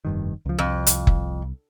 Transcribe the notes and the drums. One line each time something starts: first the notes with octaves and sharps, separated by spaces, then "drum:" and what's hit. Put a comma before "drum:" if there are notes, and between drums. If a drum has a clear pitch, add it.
F1 G2 D#3
C#2 F3
C2 F2
drum: hi-hat
drum: kick